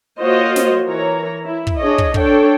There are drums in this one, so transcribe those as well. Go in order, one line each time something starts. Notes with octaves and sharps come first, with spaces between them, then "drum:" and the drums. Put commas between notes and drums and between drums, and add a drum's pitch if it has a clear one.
A#3 F4 F#4 C5 C#5 D#5
drum: snare
E3 A#4 C#5 A#5
E4
drum: kick
D4 G#4 C#5 D#5
drum: kick
D4 A4 C#5 G5, drum: kick